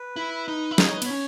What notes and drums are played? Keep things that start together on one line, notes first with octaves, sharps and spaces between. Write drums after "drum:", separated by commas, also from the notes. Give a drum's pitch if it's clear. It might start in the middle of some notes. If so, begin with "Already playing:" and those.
Already playing: B4
E4
D#4
E4
D#4 D#5, drum: snare
C#5
B4
B3, drum: cymbal
C#4 C#5